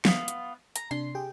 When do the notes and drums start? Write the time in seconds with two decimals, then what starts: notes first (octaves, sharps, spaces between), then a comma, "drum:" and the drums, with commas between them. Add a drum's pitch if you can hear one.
0.05 B3 F4, drum: snare
0.28 drum: hi-hat
0.76 A#5, drum: hi-hat
0.91 C3 D4 C6
1.15 G4 G#4 G5